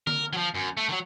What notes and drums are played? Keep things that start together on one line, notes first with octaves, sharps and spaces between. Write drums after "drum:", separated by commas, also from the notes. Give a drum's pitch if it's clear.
A#4, drum: tom D3
F3 F#3
F#2
A3
D#3 F#3